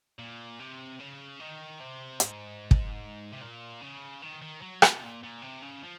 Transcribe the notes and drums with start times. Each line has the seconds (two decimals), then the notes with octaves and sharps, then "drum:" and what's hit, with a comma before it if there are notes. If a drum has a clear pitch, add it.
0.19 A#2
0.60 C3
0.99 C#3
1.40 D#3
1.80 C3
2.20 G#2, drum: hi-hat
2.71 drum: kick
3.32 C3
3.41 A#2
3.81 C#3
4.22 D#3
4.42 D#3
4.62 F#3
4.82 F3, drum: rim click
4.93 C3
5.02 A#2
5.23 A#2
5.42 C3
5.62 C#3
5.83 F3